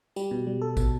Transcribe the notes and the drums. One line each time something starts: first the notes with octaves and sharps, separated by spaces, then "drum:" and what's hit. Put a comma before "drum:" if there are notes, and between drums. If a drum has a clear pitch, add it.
G3, drum: tambourine
B2
G3
A4
B2, drum: kick, tambourine